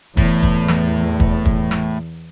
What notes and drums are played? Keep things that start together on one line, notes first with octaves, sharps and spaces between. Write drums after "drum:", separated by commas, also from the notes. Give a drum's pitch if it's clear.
E2 A2, drum: kick
drum: kick
drum: snare
drum: kick
drum: kick
drum: snare